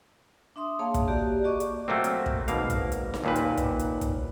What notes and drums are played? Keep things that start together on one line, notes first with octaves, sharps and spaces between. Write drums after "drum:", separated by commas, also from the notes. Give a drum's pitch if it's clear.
D4 E5 C6 D#6
A#3 G#4 C#5 F5 A5
drum: kick, hi-hat
A#3 F#4 G4 D5
F#4 G#4 D5 D#5 C#6 D6
drum: hi-hat
F#3 A3 A#3 C4
drum: hi-hat
drum: kick
G#1 B2 A#3 F5, drum: hi-hat
drum: kick, hi-hat
drum: hi-hat
drum: snare D#4
D#2 A#2 B4
drum: hi-hat
drum: kick, hi-hat
drum: hi-hat
drum: kick, hi-hat